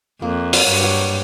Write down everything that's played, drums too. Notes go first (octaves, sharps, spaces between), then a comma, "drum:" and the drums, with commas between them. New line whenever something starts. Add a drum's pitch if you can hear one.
F2 A#3
F#3, drum: open hi-hat
G2
F#3